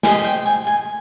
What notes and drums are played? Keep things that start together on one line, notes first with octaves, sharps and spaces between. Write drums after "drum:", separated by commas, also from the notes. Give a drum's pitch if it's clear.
G4 C5 D#5 G#5, drum: snare
G5
G#5
G#5